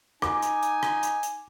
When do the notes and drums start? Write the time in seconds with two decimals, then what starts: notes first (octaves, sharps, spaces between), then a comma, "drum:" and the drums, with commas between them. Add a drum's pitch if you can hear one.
0.22 D#4 G#5 D6, drum: rim click
0.42 drum: hi-hat
0.63 drum: hi-hat
0.83 drum: rim click
1.03 drum: hi-hat
1.23 drum: hi-hat